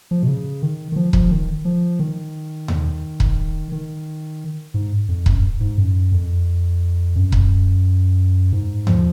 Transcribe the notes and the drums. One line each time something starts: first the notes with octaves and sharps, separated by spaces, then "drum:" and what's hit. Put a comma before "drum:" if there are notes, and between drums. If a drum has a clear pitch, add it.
F3
B2
C#3
D#3
D#3
F3
F3, drum: kick
D#3
F3
D#3
drum: tom D#2
drum: kick
D#3
G#2
F2
F#2, drum: kick
G#2
F#2
F2
F#2
drum: kick
G#2
F3, drum: tom D#2